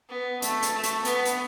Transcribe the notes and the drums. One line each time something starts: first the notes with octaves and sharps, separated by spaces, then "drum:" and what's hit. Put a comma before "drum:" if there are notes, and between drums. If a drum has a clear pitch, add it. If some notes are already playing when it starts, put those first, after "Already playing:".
B3
A3, drum: hi-hat
drum: hi-hat
A3
drum: hi-hat
B3, drum: hi-hat
drum: hi-hat